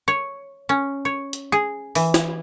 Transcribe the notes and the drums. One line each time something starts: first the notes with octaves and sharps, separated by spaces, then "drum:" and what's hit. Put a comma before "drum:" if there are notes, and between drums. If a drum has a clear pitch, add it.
C#5
C#4
C#5
drum: hi-hat
G#4
E3, drum: open hi-hat
drum: snare